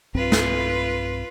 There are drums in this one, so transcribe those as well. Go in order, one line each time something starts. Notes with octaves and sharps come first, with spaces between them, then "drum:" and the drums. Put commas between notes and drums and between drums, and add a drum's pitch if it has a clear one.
B1 G2 C4 F4 B4
drum: snare